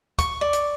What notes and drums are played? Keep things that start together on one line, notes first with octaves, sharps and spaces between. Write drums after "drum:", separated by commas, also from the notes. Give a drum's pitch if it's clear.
C#6, drum: kick, hi-hat
D5
drum: hi-hat